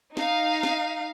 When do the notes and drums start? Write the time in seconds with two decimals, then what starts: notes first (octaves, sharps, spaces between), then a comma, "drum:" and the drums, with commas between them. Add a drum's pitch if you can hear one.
0.17 D#4 F5, drum: snare
0.63 drum: snare